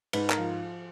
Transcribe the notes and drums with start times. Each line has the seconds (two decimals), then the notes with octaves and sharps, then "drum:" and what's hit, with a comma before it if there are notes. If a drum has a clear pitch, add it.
0.13 G#2 B4, drum: cymbal
0.30 A#4, drum: clap
0.37 F3